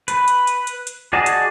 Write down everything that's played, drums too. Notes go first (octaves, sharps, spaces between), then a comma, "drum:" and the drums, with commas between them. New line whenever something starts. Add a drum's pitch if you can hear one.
B4, drum: hi-hat
drum: hi-hat
drum: hi-hat
drum: hi-hat
drum: hi-hat
F#4 G#4 D5 D#5 A5
drum: hi-hat